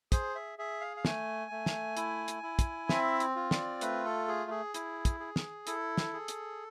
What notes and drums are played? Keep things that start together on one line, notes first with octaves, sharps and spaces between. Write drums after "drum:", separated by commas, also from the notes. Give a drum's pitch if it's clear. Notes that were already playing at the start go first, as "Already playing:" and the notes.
G#4 C5, drum: kick, hi-hat
E5
G#4 E5
F5
F5
A3 G#5, drum: snare
A3
drum: snare
E4, drum: hi-hat
drum: hi-hat
E4
drum: kick, hi-hat
C4 E5, drum: snare
drum: hi-hat
F4
D5, drum: snare
A3 B4, drum: hi-hat
A4
G#4
G#4
E4, drum: hi-hat
drum: kick, hi-hat
G#4
drum: snare
E4 A4, drum: hi-hat
drum: snare
G#4
drum: hi-hat